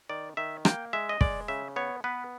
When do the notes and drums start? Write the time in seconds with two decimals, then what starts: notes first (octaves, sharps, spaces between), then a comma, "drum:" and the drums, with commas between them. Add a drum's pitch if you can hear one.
0.09 D#3 D5
0.37 D#3 E5
0.65 A#3 G5, drum: rim click
0.93 G#3 E5
1.09 D#5
1.21 G#3 D5, drum: kick
1.48 C#3 E5
1.76 B3 C#5
2.04 B3 B4